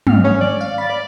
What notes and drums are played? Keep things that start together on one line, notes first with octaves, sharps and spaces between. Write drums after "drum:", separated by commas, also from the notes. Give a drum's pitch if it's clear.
G#2 F6, drum: tom
C#4
D5
F5
B5 A6
D5